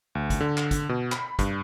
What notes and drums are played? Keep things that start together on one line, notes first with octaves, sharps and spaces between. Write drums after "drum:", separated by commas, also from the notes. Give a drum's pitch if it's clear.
D2
drum: kick, hi-hat
D3
drum: clap
drum: kick, hi-hat
B2
B5, drum: clap
G2, drum: kick, hi-hat